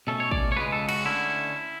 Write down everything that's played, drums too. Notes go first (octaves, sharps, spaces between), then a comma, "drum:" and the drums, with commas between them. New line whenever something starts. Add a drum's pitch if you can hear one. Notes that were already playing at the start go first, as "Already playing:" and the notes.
B2 A3 C#4 A4
C#5
D5, drum: kick
C#5
C#2 C#3 G#3 B4
A4
F#4, drum: cymbal
D3 A3 C#4 E4